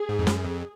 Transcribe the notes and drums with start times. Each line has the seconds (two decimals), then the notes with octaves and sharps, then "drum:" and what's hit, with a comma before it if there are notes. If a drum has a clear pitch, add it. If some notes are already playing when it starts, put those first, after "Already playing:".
Already playing: G#4
0.09 G#2
0.19 F2
0.27 F#2, drum: snare
0.45 F2